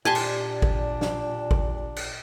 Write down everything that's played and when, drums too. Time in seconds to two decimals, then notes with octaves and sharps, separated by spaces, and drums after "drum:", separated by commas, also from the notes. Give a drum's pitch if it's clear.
0.05 A#2 D4 G4 G#5 A5 C6
0.15 drum: cymbal
0.62 drum: kick
1.01 drum: snare
1.51 drum: kick
1.96 drum: cymbal